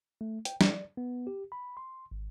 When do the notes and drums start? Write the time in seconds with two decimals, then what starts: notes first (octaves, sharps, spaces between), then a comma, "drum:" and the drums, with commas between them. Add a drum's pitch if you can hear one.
0.21 A3
0.45 G5, drum: hi-hat
0.61 D5, drum: snare
0.97 B3
1.27 G4
1.52 B5
1.77 C6
2.12 G#1